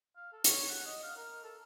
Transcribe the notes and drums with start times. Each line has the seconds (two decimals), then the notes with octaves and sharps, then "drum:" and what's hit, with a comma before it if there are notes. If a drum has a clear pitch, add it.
0.16 F5
0.33 A4
0.44 C#5, drum: hi-hat
0.68 F#5
0.86 D#5
1.03 F5
1.17 A#4
1.44 A4